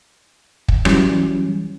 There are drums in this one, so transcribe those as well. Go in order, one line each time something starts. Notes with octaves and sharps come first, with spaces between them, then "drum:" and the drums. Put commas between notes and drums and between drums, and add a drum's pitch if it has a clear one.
drum: kick
E3 F#3 G3 C#4, drum: rim click